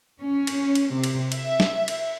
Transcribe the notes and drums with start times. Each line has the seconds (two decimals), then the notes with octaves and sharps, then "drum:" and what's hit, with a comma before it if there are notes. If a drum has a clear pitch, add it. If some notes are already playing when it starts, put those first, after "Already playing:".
0.21 C#4
0.47 drum: cymbal
0.75 drum: cymbal
0.94 C3
1.04 drum: cymbal
1.32 E5, drum: cymbal
1.60 drum: snare
1.88 drum: cymbal